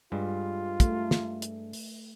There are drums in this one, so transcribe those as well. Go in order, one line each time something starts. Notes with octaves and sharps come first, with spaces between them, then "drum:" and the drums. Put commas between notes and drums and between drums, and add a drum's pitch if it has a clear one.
G2 G3 G#3 F4
A3, drum: kick, hi-hat
drum: snare
drum: hi-hat
drum: open hi-hat